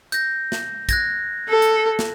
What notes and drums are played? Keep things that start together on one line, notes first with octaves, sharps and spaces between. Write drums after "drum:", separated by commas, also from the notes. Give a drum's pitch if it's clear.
G6 A#6, drum: hi-hat
drum: snare
F#6 G#6 A#6, drum: kick, hi-hat
A4
drum: hi-hat
drum: snare